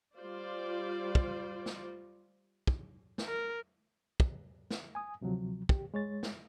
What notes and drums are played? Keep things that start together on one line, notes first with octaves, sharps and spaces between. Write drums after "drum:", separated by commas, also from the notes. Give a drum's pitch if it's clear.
G3 F4 C5 D5
drum: kick
drum: snare
drum: kick
drum: snare
A#4
drum: kick
drum: snare
G#5 D#6
D2 C3 F3 F#3
G4, drum: kick
G#3 C#5 A6
drum: snare